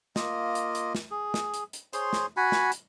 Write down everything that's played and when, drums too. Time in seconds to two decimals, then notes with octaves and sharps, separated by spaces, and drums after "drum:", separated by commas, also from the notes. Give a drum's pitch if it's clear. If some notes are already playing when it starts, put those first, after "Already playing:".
0.16 A#3 F4 D#5, drum: snare
0.55 drum: hi-hat
0.75 drum: hi-hat
0.95 drum: snare
1.11 G#4
1.34 drum: snare
1.54 drum: hi-hat
1.73 drum: hi-hat
1.93 G#4 C5 C#5 C6, drum: hi-hat
2.13 drum: snare
2.37 F#4 F#5 G#5 B5
2.52 drum: snare
2.72 drum: hi-hat